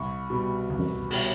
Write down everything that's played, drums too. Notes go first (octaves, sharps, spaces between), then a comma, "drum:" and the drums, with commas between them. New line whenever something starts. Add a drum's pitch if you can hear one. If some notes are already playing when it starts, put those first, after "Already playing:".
Already playing: C2 C#6
B2 G3
C2
drum: tom E3
B2 G3, drum: cymbal